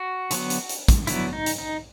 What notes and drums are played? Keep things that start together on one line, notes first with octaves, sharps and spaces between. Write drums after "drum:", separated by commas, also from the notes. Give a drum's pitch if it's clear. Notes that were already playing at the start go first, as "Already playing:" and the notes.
Already playing: F#4
D3 F#3 B3, drum: hi-hat
drum: hi-hat
drum: hi-hat
drum: kick, hi-hat
D3 F#3 B3 E4, drum: hi-hat
D#4
drum: hi-hat
D#4